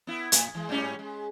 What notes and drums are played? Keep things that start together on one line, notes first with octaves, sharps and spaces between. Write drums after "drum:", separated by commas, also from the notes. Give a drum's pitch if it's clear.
B3 E4
A2, drum: hi-hat
E3 G#3
G#2 G3 C#4
G#3